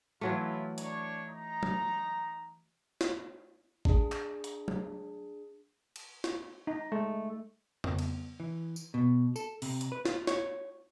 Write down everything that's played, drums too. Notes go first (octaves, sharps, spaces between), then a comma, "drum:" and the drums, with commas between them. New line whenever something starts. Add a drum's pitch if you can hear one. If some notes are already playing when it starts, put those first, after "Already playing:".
E3 F#3 A3 E4 F4
D4 C#5, drum: hi-hat
D#4 A#5
drum: tom F#3
drum: snare
D4 G#4, drum: kick G#1
drum: clap
drum: hi-hat
drum: tom F#3
drum: cymbal
drum: snare
D#4
G#3 A3
drum: tom
drum: cymbal
E3
drum: tambourine
B2
A4, drum: tambourine
C3, drum: open hi-hat
drum: hi-hat
B4
F4, drum: snare
C#5, drum: snare